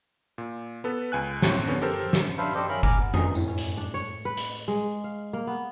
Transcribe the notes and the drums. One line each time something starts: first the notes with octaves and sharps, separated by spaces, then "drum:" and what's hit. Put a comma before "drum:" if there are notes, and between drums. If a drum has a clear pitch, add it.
A#2
B3 A4 B4
C#2 G#5 F#6
D#2 A2 F#3 C4, drum: snare
D3 B3 C#4
G4 A4 A#4 C5
drum: snare
D4 B4 C5 E5 F5
G4 A4 C5 D5 D#5
C#4 A#4 E5 F5 B5
G#5 A#5 D6 F6, drum: kick F#1
B3
D#4 G#4 A#5 D#6, drum: tom F2
A2, drum: tambourine
C#4
drum: hi-hat
D4
C#5
B4
drum: hi-hat
G#3
F5
A#3
B3